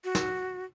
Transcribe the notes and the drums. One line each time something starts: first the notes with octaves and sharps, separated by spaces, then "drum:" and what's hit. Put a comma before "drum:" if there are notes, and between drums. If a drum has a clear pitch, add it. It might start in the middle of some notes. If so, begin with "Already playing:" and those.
F#4
drum: snare